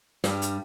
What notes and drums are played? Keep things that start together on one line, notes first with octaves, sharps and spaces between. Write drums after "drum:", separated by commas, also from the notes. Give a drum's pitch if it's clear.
G2 G3, drum: snare
drum: hi-hat